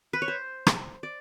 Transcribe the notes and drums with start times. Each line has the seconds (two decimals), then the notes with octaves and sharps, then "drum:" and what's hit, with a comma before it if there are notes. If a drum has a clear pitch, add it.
0.13 B4
0.22 C#5
0.28 C5
0.67 drum: rim click
1.03 D5